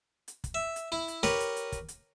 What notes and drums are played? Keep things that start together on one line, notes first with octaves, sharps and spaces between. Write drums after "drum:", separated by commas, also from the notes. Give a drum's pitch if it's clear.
drum: hi-hat
drum: kick, hi-hat
E5
drum: hi-hat
E4
drum: hi-hat
G4 A#4 B4 C#5, drum: snare
drum: hi-hat
drum: hi-hat
drum: kick, hi-hat
drum: hi-hat